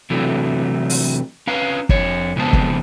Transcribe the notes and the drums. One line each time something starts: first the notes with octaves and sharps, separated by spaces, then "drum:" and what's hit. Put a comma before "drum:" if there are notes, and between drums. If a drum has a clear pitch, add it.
C3 E3 F#3 A3
drum: open hi-hat
C#4 B4 F5 A#5
F2 C#5, drum: kick
F2 C#3 G#3 B3 C5 A5
drum: kick